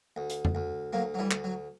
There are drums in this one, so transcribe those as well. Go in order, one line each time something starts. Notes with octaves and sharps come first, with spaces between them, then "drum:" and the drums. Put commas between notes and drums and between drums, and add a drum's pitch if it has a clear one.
D2
drum: hi-hat
drum: tom F2
D2
D2 F#3 A#3
F#3
E3 G3
D2, drum: clap
F#3